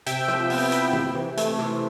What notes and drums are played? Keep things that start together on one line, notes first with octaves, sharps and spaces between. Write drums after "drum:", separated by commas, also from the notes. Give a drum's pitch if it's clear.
C3 E5 G5, drum: hi-hat
F3, drum: rim click
B3, drum: open hi-hat
E4, drum: hi-hat
C3, drum: tom
E3
A3, drum: hi-hat
C3, drum: rim click